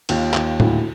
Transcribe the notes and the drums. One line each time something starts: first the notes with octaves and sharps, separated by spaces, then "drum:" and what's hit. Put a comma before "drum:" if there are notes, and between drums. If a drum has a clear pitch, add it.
D#2 F4, drum: cymbal
D#2, drum: clap
D2 E4, drum: tom A2